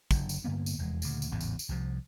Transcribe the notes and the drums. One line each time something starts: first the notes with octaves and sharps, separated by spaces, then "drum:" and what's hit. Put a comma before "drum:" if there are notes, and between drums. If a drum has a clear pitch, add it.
F#1 D3, drum: kick, tambourine
drum: tambourine
G2 D3 A#3 B3
drum: tambourine
F1 E2 G#3
D2 A#2 C#3, drum: tambourine
drum: tambourine
A1 E2 G#2 C#3
drum: tambourine
drum: tambourine
C2 C3 F3